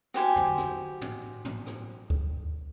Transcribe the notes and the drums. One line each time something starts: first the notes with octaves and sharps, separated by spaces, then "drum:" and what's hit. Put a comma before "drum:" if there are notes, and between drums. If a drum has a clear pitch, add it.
F#4 G4 C5 G#5, drum: rim click
drum: tom F2
drum: rim click
drum: tom
drum: tom
drum: rim click
drum: kick D2